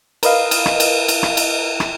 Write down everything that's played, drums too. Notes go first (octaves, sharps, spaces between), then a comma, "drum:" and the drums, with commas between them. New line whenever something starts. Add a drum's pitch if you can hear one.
A#4 B4 D#5 F5, drum: cymbal
drum: cymbal
drum: rim click
drum: cymbal
drum: cymbal
drum: rim click
drum: cymbal
drum: rim click